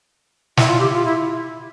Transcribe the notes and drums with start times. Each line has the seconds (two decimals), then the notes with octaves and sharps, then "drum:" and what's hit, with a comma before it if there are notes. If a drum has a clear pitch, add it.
0.57 E4, drum: snare
0.68 F4
0.79 G4
0.94 F4
1.05 E4